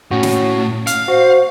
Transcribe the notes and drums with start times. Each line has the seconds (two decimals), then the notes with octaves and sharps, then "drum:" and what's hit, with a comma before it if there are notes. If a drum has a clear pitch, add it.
0.11 A2 C#4 F#4
0.23 drum: snare
0.87 F5 F6, drum: hi-hat
1.08 F#4 C5